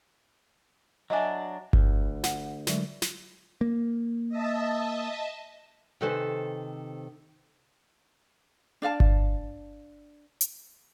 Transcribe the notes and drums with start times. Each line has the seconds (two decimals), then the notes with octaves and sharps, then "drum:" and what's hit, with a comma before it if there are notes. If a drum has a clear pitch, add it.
1.10 F#3 D4 D#5 E5 G#5
1.73 D2, drum: kick G1
2.24 F#5, drum: snare
2.67 D3 F#3 G#3, drum: snare
3.02 drum: snare
3.61 A#3
4.29 D#5 E5 A5
6.01 C3 D#3 A4 B4 C5 G#5
8.82 D4 D5 F5 A5
9.00 drum: kick G1
10.41 drum: hi-hat